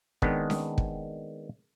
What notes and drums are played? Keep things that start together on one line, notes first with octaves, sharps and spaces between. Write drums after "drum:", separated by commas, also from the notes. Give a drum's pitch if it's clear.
D#3 G#3 B3 C4 D4, drum: kick
drum: snare C#4
drum: kick